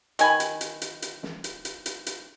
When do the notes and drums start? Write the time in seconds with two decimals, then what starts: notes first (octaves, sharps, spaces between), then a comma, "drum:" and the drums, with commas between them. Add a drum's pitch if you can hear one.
0.19 D#3 G#5 B5, drum: hi-hat
0.40 drum: hi-hat
0.61 drum: hi-hat
0.82 drum: hi-hat
1.02 drum: hi-hat
1.23 drum: snare
1.44 drum: hi-hat
1.65 drum: hi-hat
1.86 drum: hi-hat
2.06 drum: hi-hat